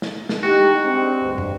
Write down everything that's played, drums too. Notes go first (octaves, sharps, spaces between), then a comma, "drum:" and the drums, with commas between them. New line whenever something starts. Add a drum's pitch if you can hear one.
drum: snare
drum: snare
D#4 E4 F#4 G4
G#3 C4 D4
D2 G2
drum: tom